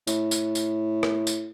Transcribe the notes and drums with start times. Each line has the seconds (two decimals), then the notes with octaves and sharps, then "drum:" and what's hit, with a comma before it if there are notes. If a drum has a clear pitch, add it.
0.07 A2, drum: tambourine
0.31 drum: tambourine
0.55 drum: tambourine
1.03 drum: rim click
1.27 drum: tambourine